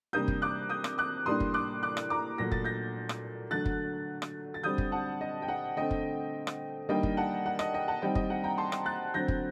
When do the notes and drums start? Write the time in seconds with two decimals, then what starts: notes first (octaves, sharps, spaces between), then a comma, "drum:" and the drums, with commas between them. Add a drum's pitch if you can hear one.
0.13 C3 G3 A#3 D4 D#6 G6
0.28 drum: kick
0.42 D6 F#6
0.69 D#6 G6
0.84 drum: rim click
0.98 D6 F#6
1.26 A2 G3 A#3 D4 C6 D#6
1.40 drum: kick
1.54 D6 F#6
1.83 D6 F#6
1.97 drum: rim click
2.10 A#5 D6
2.38 A#2 F#3 A3 A#6
2.52 A6, drum: kick
2.64 G6 A#6
3.09 drum: rim click
3.51 D3 F#3 A3 F#6 A6
3.66 drum: kick
4.22 drum: rim click
4.54 A6
4.63 D3 G3 C4 D#6 G6
4.78 drum: kick
4.92 F#5 A5
5.21 D#5
5.42 G5
5.48 F#5
5.77 D3 A3 C4 D#5 G5
5.91 drum: kick
6.47 drum: rim click
6.89 D#3 G3 A#3 D4 D#5 G5
7.03 drum: kick
7.17 F#5 A5
7.46 F#5
7.59 D#5, drum: rim click
7.74 D#5 G5
7.88 F#5 A5
8.02 D#3 G3 C4 D#5 G5
8.15 D#5, drum: kick
8.30 F#5
8.44 G5 A#5
8.58 A5 C6
8.72 drum: rim click
8.86 F#6 A6
9.14 D3 F#3 C4 G6 A#6
9.28 drum: kick